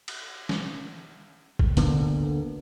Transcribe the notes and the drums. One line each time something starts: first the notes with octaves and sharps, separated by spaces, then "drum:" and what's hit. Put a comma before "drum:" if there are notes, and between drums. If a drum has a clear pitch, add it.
drum: cymbal
drum: snare
drum: kick
D2 D3 A#3 B3, drum: hi-hat